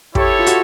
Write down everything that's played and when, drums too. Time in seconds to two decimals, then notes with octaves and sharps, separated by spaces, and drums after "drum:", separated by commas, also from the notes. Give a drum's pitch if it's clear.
0.15 E4 G4 A4 C#5, drum: kick
0.39 F4
0.46 F#4, drum: hi-hat